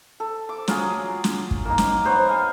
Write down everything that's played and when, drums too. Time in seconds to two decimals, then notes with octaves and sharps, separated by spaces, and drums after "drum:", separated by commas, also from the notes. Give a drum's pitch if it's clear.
0.20 A4
0.49 D6
0.68 F#3 F4 G#4, drum: snare
1.24 drum: snare
1.51 drum: kick
1.65 A#3 D#4
1.78 drum: snare
2.05 B3 C5 C#5 A#5
2.28 F5 G#5